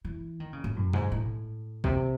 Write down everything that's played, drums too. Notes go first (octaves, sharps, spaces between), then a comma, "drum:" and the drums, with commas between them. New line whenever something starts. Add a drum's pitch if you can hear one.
E3
D#3
C#3
A2
F#2
G#2, drum: tom A#2
A2
C3, drum: kick A#1